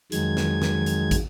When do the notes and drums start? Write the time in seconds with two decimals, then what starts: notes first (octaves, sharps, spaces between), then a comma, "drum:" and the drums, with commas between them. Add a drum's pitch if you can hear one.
0.12 F2 D#3 F#3 G#3 G#6, drum: hi-hat
0.37 drum: snare
0.62 drum: snare
0.86 drum: hi-hat
1.11 drum: kick, hi-hat